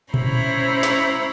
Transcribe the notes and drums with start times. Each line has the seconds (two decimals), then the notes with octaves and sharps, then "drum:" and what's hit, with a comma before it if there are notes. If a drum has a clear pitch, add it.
0.14 C#4 E4 C5 C#5 A#5 B5, drum: tom A#2
0.83 drum: snare